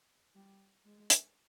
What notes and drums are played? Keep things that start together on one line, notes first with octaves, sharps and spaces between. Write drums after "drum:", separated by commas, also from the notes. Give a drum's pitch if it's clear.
G3
G#3
drum: hi-hat